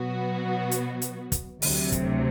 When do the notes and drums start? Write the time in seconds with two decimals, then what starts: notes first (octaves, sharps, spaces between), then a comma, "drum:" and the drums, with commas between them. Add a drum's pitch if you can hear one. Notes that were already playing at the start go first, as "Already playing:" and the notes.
Already playing: B2 F#3 B3 F#4
0.71 drum: hi-hat
1.02 drum: hi-hat
1.32 drum: kick, hi-hat
1.62 D2 C3 F#3, drum: open hi-hat
1.92 drum: kick, hi-hat